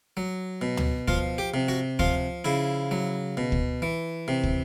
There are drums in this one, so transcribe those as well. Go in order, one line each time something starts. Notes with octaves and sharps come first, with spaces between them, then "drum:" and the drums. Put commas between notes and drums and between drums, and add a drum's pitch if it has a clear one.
F#3
B2
drum: tom
F3 F4, drum: kick
G4
C3
F#4
F3 F4, drum: kick
C#3 E4
F#3
B2
drum: kick
E3
C3
drum: kick